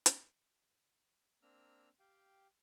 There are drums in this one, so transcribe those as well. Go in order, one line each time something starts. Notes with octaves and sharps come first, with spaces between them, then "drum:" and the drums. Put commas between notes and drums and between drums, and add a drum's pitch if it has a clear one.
drum: hi-hat
A#3 C4 D4 A#5 E6 F6
G4 F5 G5